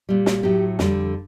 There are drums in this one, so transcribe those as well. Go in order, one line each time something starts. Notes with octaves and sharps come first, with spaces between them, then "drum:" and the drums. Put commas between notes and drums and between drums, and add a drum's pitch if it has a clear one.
A#2 G3
drum: snare
A2 F#3 G4
F2 D3 G3, drum: snare